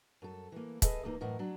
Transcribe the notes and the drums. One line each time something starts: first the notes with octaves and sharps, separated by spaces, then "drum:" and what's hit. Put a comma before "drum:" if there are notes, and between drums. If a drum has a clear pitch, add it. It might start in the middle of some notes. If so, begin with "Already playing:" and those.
F#2 A4
E3 A#3
G#4 A4 B4 D#5 E5 G#5, drum: kick, hi-hat
E2 G2 E3 A#3 D#4
F#2 A2 E3 A#4 D#5 F#5
F#3 D4